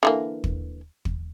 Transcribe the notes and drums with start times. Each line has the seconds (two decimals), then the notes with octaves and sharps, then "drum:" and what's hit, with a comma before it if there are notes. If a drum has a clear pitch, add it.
0.03 D3 E3 A#3
0.44 drum: kick
1.05 drum: kick